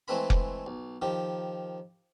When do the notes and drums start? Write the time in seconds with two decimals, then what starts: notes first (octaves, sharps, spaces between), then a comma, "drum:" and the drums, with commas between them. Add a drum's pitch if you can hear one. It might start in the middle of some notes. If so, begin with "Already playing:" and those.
0.08 E3 G#3 A3 C4 B4 B5
0.30 drum: kick F1
0.66 B1
1.02 D#3 F3 G4